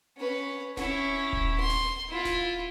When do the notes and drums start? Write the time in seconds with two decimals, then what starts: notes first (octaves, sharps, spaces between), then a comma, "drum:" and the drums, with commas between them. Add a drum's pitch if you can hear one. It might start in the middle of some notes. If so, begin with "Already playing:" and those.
0.17 C#4 B4
0.77 C#4 E4, drum: snare D1
1.33 drum: kick D#1
1.60 C6
1.70 drum: snare D1
2.09 E4 F4
2.25 drum: snare D1